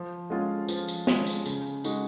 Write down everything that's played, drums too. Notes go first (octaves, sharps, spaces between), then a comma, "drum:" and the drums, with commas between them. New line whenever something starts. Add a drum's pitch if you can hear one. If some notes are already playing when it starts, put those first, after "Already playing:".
Already playing: F3
G#3 C#4 F4
F3, drum: tambourine
drum: tambourine
G#3 C#4 F4, drum: snare
drum: tambourine
C#3, drum: tambourine
G#3 D#4 F#4, drum: tambourine